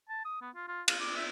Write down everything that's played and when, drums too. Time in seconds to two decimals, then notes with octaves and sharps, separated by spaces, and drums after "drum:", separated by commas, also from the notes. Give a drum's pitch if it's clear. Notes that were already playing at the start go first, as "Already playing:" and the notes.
0.09 A5
0.25 D#6
0.41 B3
0.55 F4
0.68 F4
0.88 F5, drum: cymbal
1.00 D6
1.16 E5